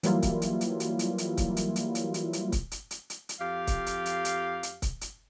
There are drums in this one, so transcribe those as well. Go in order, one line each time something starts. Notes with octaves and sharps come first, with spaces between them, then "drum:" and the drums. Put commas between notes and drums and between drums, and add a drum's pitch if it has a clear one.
E3 F#3 G3 A#3 E4 F4, drum: hi-hat
drum: kick C#1, hi-hat
drum: hi-hat
drum: hi-hat
drum: hi-hat
drum: hi-hat
drum: hi-hat
drum: kick C#1, hi-hat
drum: hi-hat
drum: hi-hat
drum: hi-hat
drum: hi-hat
drum: hi-hat
drum: kick C#1, hi-hat
drum: hi-hat
drum: hi-hat
drum: hi-hat
drum: hi-hat
F2 G4 F5
drum: kick C#1, hi-hat
drum: hi-hat
drum: hi-hat
drum: hi-hat
drum: hi-hat
drum: kick C#1, hi-hat
drum: hi-hat